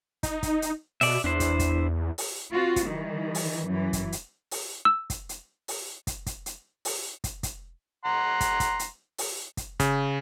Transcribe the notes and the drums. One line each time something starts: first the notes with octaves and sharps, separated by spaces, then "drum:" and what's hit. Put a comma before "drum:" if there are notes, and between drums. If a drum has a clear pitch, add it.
D#4, drum: kick, hi-hat
drum: kick, hi-hat
drum: hi-hat
B2 D5 E5, drum: open hi-hat
E2 D4 E4 C5
drum: kick, hi-hat
drum: kick, hi-hat
drum: open hi-hat
C4 F4 F#4
drum: kick, hi-hat
D#3 E3 G3
drum: open hi-hat
F#2 E3
drum: kick, hi-hat
drum: hi-hat
drum: open hi-hat
E6
drum: kick, hi-hat
drum: hi-hat
drum: open hi-hat
drum: kick, hi-hat
drum: kick, hi-hat
drum: hi-hat
drum: open hi-hat
drum: kick, hi-hat
drum: kick, hi-hat
F#5 A#5 C6
drum: kick, hi-hat
drum: kick, hi-hat
drum: hi-hat
drum: open hi-hat
drum: kick, hi-hat
C#3, drum: kick, hi-hat